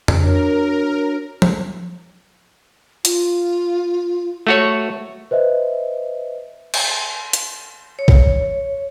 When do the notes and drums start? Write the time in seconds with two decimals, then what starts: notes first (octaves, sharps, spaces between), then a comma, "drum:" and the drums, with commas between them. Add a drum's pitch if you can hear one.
0.08 drum: tom F2
0.20 D4 F#4 A#4 C#5
1.42 drum: tom F3
3.05 F4, drum: hi-hat
4.47 A3 F#4 C#5
5.31 B4 C5 D#5 E5
6.74 drum: cymbal
7.33 drum: hi-hat
7.99 C#5
8.08 drum: kick B1